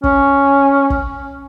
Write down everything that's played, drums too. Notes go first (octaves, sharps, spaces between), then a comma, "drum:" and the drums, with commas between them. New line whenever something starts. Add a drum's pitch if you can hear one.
C#4, drum: kick
drum: kick